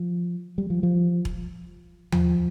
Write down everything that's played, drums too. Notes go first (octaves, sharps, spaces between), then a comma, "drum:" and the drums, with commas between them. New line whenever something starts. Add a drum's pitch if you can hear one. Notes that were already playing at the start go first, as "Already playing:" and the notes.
Already playing: F3
G3
F3
F3
drum: kick E1
F3, drum: tom D#2